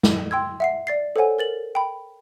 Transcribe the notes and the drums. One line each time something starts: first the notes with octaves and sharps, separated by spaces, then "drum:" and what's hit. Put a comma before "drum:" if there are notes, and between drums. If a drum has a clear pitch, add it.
drum: snare
G5 C6 E6 G#6
E5 F#5 C7
D5 A6 C7
A4 C5 C#5 F#5 G#5
A#4 A6 F#7
G5 B5